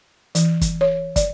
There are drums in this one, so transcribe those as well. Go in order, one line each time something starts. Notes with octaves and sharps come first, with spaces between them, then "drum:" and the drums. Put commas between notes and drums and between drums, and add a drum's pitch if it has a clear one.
E3, drum: hi-hat
drum: kick, hi-hat
C#5
D5, drum: kick, hi-hat